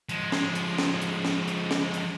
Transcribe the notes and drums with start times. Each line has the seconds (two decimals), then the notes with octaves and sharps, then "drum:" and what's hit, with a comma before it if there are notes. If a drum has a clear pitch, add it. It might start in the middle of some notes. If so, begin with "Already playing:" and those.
0.09 F3 G#3, drum: hi-hat
0.32 drum: snare
0.55 drum: hi-hat
0.78 drum: snare
1.02 drum: hi-hat
1.25 drum: snare
1.48 drum: hi-hat
1.71 drum: snare
1.94 drum: hi-hat